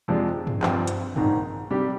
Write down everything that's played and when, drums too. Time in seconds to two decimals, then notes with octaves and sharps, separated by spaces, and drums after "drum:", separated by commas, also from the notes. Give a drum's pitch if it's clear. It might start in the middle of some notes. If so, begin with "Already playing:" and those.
0.08 F2 C3 F3 G#3 D4
0.47 drum: tom G2
0.63 G2 F3 C4, drum: clap
0.87 drum: hi-hat
1.16 A#1 G#2 D#3, drum: tom
1.70 C3 G3 D4 G4